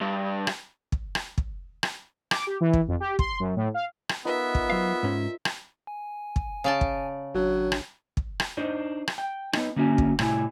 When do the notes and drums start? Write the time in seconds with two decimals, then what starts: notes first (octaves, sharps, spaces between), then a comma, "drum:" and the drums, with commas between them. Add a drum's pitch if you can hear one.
0.01 G2
0.47 drum: rim click
0.92 drum: kick
1.15 drum: rim click
1.38 drum: kick
1.83 drum: rim click
2.31 D6, drum: rim click
2.47 G4
2.61 E3
2.73 drum: kick
2.88 F2
3.00 G4
3.19 C6, drum: kick
3.40 F#2
3.56 A2
3.74 F5
4.09 drum: rim click
4.25 B3 D#4 F4 A#4 B4 E5
4.55 drum: kick
4.70 F#3 C5 F5
5.03 G#2 C#4
5.45 drum: rim click
5.87 G#5
6.36 drum: kick
6.64 C#3 D5 A5
6.81 drum: kick
7.35 G#1 F#3 D4
7.72 drum: rim click
8.17 drum: kick
8.40 drum: rim click
8.57 D4 D#4 C5
9.08 drum: rim click
9.18 G5
9.53 B3 D#4, drum: rim click
9.76 D3 A#3 C#4 F#4 G#5
9.98 drum: kick
10.19 A2 C3 E4 G#5, drum: rim click